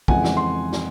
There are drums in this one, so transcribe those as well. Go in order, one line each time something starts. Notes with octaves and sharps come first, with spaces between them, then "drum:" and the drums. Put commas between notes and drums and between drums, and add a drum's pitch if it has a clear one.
F2 C#3 E3 G#3 C4 F#5 G#5, drum: kick
drum: snare
C6
drum: snare